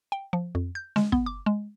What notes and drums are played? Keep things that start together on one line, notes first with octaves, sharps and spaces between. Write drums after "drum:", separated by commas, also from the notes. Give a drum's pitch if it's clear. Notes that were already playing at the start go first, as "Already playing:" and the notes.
G5
F3
F2
G6
G#3, drum: snare
B3, drum: kick
D6
G#3